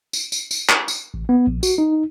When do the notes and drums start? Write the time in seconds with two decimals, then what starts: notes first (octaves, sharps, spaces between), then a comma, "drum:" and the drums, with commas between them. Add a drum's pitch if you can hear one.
0.13 drum: tambourine
0.32 drum: tambourine
0.51 drum: tambourine
0.69 drum: clap
0.88 drum: tambourine
1.14 A1
1.29 B3
1.47 A#1
1.63 F#4, drum: tambourine
1.78 D#4